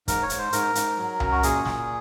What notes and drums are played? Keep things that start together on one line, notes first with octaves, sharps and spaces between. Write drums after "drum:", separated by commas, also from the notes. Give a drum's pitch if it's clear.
G#2 A#4, drum: kick, hi-hat
C#5
G#2, drum: hi-hat
C5
G#2 A#4, drum: hi-hat
G#2, drum: hi-hat
F#3
F#2, drum: tom C2
F#4
A#2 G#4, drum: hi-hat
A#2, drum: snare